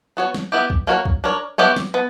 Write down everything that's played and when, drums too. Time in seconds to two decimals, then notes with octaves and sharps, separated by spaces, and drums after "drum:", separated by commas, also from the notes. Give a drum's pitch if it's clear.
0.17 B3 F#4 C#5
0.34 drum: snare
0.52 B3 E4 G4
0.70 drum: kick
0.87 A#3 D4 F#4 A#4 C#5
1.05 drum: kick
1.24 D4 A#4 C#5
1.58 E3 B3 E4 G4 C#5
1.76 drum: snare
1.94 B3